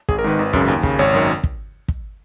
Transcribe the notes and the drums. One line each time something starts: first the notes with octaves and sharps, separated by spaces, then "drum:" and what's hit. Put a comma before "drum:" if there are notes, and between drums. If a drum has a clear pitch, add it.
G#1 G#4, drum: kick
A#4
G#2 D#3 B4
G#1
F#2 C#3, drum: kick
D#2
C#3, drum: kick
G#1 C#5
F#2 D#3
drum: kick
drum: kick